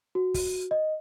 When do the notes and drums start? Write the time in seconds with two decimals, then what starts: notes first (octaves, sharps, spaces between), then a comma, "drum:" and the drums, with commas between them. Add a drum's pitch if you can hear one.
0.15 F#4
0.34 drum: kick, open hi-hat
0.71 D#5